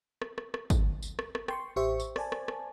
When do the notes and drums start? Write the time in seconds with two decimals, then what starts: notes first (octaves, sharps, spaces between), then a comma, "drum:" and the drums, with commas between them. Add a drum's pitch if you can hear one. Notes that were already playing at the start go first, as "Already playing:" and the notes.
0.22 drum: rim click
0.38 drum: rim click
0.54 drum: rim click
0.70 drum: kick, tambourine
1.02 drum: tambourine
1.19 drum: rim click
1.35 drum: rim click
1.48 G5 C6 C#6, drum: rim click
1.76 A1 G4 C5 E5 C#6
2.00 drum: tambourine
2.16 C5 D5 G#5 A5, drum: rim click
2.32 drum: rim click
2.48 drum: rim click